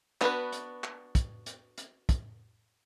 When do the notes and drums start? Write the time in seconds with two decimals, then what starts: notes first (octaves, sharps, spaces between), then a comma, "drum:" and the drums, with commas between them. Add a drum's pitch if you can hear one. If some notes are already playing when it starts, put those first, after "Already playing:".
0.21 B3 D4 F#4 B4, drum: clap
0.52 drum: hi-hat
0.84 drum: clap
1.15 drum: kick, hi-hat
1.46 drum: hi-hat
1.78 drum: hi-hat
2.09 drum: kick, hi-hat